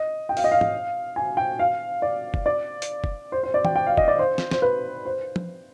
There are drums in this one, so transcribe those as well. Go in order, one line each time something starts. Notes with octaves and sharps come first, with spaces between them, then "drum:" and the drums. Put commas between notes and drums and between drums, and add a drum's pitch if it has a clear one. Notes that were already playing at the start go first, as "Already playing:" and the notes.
Already playing: D#5
G5
F5, drum: open hi-hat
D#5
F5
drum: tom
G#5
G5
F5
D5
drum: kick
D5
drum: hi-hat
drum: kick
C5
C5
D5
G5, drum: tom E3
G5
F5
D#5, drum: kick
D5
C5
drum: snare
C5, drum: snare
B4
C5
drum: tom F3